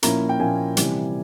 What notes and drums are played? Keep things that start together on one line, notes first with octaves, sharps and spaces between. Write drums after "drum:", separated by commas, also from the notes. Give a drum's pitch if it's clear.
A#2 F3 A#3 C#4 E4 A#5, drum: hi-hat
G5
A#2 F3 A#3 C#4 E4 G#5
C3 E3 G3, drum: hi-hat